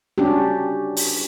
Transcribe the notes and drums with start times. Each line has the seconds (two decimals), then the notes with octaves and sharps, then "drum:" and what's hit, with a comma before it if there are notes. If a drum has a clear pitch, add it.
0.18 C#4 D4 F#4 G4
0.97 drum: open hi-hat